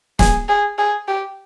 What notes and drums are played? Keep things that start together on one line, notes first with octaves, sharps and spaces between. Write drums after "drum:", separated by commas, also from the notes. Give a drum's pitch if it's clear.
G#4, drum: snare
G#4
G#4
G4